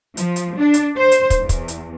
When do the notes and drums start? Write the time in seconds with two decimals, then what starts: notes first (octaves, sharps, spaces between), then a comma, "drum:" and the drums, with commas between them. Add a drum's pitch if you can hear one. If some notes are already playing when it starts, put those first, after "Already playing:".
0.17 F3, drum: hi-hat
0.36 drum: hi-hat
0.58 D4
0.74 drum: hi-hat
0.97 C5
1.11 drum: hi-hat
1.30 drum: kick, hi-hat
1.40 E2
1.49 drum: kick, hi-hat
1.68 drum: hi-hat